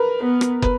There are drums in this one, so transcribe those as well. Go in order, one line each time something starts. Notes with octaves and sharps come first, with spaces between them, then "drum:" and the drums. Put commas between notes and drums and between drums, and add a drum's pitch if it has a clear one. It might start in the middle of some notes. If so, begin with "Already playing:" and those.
Already playing: A#4 B4
B3 B4
drum: rim click
B4, drum: kick